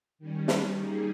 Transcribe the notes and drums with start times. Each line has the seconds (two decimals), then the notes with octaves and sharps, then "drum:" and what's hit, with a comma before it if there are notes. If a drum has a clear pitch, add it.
0.19 D#3 G3 C#4
0.48 drum: snare
0.77 G3 A#3 D#4 G#4